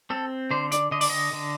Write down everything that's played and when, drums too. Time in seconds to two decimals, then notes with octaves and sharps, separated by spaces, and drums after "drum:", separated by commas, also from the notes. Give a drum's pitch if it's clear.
0.10 C4 A4
0.51 D3 C5
0.72 D5, drum: hi-hat
0.91 D3 D#5
1.01 D5, drum: open hi-hat
1.10 D#5
1.33 D3